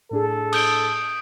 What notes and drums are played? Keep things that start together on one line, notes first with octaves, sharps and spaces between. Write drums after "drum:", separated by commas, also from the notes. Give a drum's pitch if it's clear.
A2 D4 G#4 A4
D#6 G6 D7, drum: cymbal